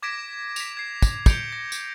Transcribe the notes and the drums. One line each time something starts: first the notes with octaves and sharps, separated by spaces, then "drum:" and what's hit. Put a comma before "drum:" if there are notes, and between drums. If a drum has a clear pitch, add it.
D6 G#6 A#6 B6 D7 E7
B6 F7, drum: tambourine
G#6 C7
drum: kick, tambourine
G6 C#7 D7 F7 G7, drum: kick, tambourine
A#6
drum: tambourine